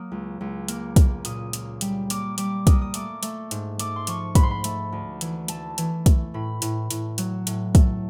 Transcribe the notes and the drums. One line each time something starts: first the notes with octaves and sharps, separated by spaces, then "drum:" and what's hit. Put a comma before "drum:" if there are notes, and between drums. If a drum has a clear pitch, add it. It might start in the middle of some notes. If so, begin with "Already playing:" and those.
Already playing: F#3 A#3 D#6
C#2
C#2
A#3, drum: hi-hat
A#3, drum: kick, hi-hat
A#2 D#6, drum: hi-hat
A#3, drum: hi-hat
G3, drum: hi-hat
A#3 D6, drum: hi-hat
G3 D6, drum: hi-hat
A#3 D#6, drum: kick, hi-hat
D#6
A3 D6, drum: hi-hat
A3, drum: hi-hat
G#2, drum: hi-hat
A3 D6, drum: hi-hat
C6
F3 C#6, drum: hi-hat
G#2 B5, drum: kick, hi-hat
C6
B5
A3, drum: hi-hat
D2
E3, drum: hi-hat
A3 A5, drum: hi-hat
E3, drum: hi-hat
A3, drum: kick, hi-hat
A2 B5
A2, drum: hi-hat
A2, drum: hi-hat
F#3, drum: hi-hat
A2, drum: hi-hat
A3, drum: kick, hi-hat